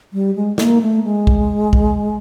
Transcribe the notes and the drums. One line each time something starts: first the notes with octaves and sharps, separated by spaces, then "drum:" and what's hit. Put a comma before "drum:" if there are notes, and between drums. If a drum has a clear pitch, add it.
G3
G#3
A#3, drum: snare
A3
G#3
drum: kick B1
drum: kick B1